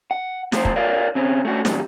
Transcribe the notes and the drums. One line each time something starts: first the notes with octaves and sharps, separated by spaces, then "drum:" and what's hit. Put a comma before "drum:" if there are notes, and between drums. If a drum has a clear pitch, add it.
F#5
E2 F3 A3 C5, drum: snare
drum: kick
A#4 B4 C#5 D5 F5
C#3 C4 C#4
A3 C#4 F#4
A#2 C#3 E3 F#3 G3, drum: snare